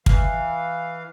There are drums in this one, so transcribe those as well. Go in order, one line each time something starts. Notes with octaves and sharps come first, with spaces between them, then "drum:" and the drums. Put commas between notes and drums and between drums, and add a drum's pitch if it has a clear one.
E3 F5, drum: kick